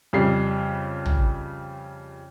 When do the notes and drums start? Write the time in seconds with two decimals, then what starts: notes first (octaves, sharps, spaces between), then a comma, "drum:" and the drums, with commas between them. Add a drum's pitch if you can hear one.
0.13 F2 C#3 G3 C7
1.06 drum: tom